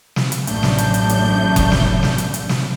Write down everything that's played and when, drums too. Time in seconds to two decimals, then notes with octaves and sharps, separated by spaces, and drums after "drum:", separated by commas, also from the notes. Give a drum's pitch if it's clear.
0.16 drum: snare
0.32 drum: hi-hat
0.47 A1 F#2 A2 D4 G6, drum: hi-hat
0.63 drum: snare
0.78 drum: hi-hat
0.94 drum: hi-hat
1.09 drum: hi-hat
1.56 drum: kick F#1, hi-hat
1.72 drum: snare
2.03 drum: snare
2.18 drum: hi-hat
2.34 drum: hi-hat
2.49 drum: snare